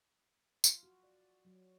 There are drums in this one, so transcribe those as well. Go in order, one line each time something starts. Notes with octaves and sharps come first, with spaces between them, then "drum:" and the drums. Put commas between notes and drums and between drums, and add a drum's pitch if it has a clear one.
F4, drum: tambourine
F#4
D5
F#3